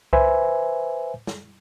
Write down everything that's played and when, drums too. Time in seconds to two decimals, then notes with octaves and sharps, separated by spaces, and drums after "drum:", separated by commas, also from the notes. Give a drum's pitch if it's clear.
0.13 B4 C5 E5 G#5, drum: kick C2
1.27 drum: snare